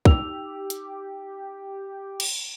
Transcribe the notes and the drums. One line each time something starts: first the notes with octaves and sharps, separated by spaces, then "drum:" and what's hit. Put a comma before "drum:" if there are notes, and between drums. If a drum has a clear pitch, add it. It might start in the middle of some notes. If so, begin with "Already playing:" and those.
D#4 G4 E6 F7, drum: kick
drum: hi-hat
drum: cymbal